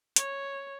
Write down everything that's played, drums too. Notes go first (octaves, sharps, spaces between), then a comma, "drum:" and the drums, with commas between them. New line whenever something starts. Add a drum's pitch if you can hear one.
C#5, drum: hi-hat